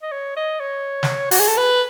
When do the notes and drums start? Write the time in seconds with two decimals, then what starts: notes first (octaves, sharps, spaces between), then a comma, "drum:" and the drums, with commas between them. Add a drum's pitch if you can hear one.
0.03 D#5
0.12 C#5
0.37 D#5
0.60 C#5
1.03 drum: snare
1.31 F#4, drum: open hi-hat
1.40 G#4
1.49 A4
1.57 B4